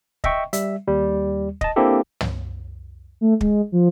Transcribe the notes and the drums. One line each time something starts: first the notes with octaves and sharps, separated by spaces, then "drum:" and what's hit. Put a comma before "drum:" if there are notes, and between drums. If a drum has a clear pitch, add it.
D#5 E5 G5 C#6, drum: kick
G3 E5, drum: hi-hat
D#2 G3
D#5 A5, drum: kick
A#3 C4 D4 E4 G4 A4
drum: tom
A3
G#3, drum: kick
F3